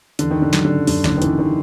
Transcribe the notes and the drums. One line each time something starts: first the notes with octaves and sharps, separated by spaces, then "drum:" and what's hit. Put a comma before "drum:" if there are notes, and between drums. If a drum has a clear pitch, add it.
E2 D3, drum: hi-hat
D#3
E2
D3
F#3, drum: snare
D3
C#3
F#2 D3, drum: open hi-hat
F#1 D3, drum: snare
D#3
F#2 E3, drum: hi-hat
D#3